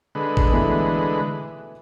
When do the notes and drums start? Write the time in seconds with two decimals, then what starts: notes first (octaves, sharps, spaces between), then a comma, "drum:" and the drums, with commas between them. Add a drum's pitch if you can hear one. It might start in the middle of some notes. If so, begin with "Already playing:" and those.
0.15 D3 G#3 B4
0.37 drum: kick G1
0.51 B2 E3 A3